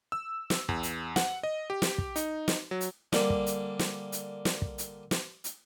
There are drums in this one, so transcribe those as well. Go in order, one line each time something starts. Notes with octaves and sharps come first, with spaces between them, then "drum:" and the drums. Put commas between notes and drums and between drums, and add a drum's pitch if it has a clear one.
E6
drum: snare
E2, drum: kick
drum: hi-hat
F#5, drum: snare
D#5
G4
drum: snare
drum: kick
D#4, drum: hi-hat
drum: snare
F#3
drum: hi-hat
D3 G3 A#3, drum: snare
drum: kick
drum: hi-hat
drum: snare
drum: hi-hat
drum: snare
drum: kick
drum: hi-hat
drum: snare
drum: hi-hat